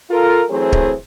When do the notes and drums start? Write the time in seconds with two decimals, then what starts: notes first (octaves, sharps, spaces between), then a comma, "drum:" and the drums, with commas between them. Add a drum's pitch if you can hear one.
0.10 F4 A4 A#4
0.50 E3 F#3 A3 C4 G#4 C5
0.72 drum: kick D1